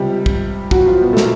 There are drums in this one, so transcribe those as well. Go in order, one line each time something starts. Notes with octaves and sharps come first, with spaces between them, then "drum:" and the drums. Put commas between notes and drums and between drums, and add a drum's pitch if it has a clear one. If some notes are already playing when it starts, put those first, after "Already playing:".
Already playing: C#2 C3 F3 G3 G4
drum: kick
F#3 F#4, drum: kick
F3 F4
B2 B3
A3
A#2 A#3, drum: snare